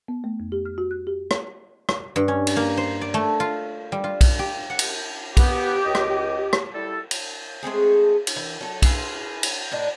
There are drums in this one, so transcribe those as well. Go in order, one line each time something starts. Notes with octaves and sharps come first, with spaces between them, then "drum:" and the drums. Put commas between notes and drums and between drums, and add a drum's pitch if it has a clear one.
B3
A3
F2
G4
F6
F#4
F#6
G4
drum: rim click
drum: rim click
G2
C#4
drum: cymbal
A#3
C5
D5
A3
F4
G3
F4
drum: kick B1, cymbal
G4
F#5
drum: cymbal
B3 G4, drum: kick B1, cymbal
C#2 D#5
drum: rim click
drum: rim click
G3 E4 A4
drum: cymbal
G#3 A3 C4 G#4
drum: cymbal
E3
F#3 A4
E4 F4 G#4 B4, drum: kick B1, cymbal
drum: cymbal
A2 D4 D#4